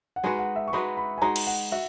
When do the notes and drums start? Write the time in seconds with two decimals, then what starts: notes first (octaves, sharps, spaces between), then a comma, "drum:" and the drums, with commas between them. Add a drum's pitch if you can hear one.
0.16 F#5
0.23 G#3 D#4 F#4 B4 G#5
0.39 F#5
0.56 E5
0.68 C#6
0.73 G#3 D#4 F#4 B4 B5
0.97 B5
1.18 G#5
1.21 G#3 D#4 F#4 A#5
1.36 drum: cymbal
1.47 F#5
1.72 F#4 E5